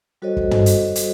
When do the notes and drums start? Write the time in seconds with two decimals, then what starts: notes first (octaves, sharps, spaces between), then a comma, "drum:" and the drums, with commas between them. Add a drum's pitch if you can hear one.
0.22 G3 F#4 A4 C5 C#5 D#5
0.37 drum: kick
0.51 drum: tom
0.66 drum: hi-hat
0.95 drum: hi-hat